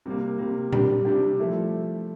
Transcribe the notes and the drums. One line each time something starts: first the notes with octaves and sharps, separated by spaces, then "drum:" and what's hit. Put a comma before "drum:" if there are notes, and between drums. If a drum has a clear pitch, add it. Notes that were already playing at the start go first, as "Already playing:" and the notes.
C3 G3 A#3
C3 G3 A#3
C3 G3 D4 G4, drum: tom A#2
C3 G3 D4 G4
F3 A3 E4